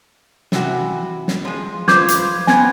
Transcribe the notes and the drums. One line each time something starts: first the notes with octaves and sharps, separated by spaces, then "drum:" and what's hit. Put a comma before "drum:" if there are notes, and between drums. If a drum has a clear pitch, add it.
C3 E3 F#4, drum: snare
drum: snare
F3 G#3
F4 B4 C5 D6 G6 G#6, drum: snare
drum: hi-hat
B3 C4 B4 G#5 G#6, drum: snare